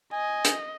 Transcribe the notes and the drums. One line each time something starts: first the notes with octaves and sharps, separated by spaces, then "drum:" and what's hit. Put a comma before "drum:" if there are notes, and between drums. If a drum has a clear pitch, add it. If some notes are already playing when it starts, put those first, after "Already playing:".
D#5 G#5
drum: hi-hat